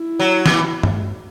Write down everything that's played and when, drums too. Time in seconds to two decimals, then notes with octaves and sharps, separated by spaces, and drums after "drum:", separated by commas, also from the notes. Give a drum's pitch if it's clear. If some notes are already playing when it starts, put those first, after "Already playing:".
Already playing: E4
0.20 F#3
0.46 E3, drum: snare
0.83 drum: tom G2